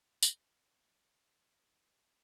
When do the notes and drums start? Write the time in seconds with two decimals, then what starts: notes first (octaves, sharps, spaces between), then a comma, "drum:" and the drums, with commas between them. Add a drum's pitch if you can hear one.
0.23 E5, drum: tambourine
0.54 D5
1.18 D5
1.65 B4
1.82 B4